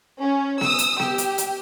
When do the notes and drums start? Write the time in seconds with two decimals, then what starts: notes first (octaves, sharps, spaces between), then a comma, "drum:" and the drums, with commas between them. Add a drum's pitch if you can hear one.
0.19 C#4
0.61 D#6 E6, drum: snare B3
0.79 drum: hi-hat
1.00 G4, drum: snare B3
1.18 drum: hi-hat
1.38 drum: hi-hat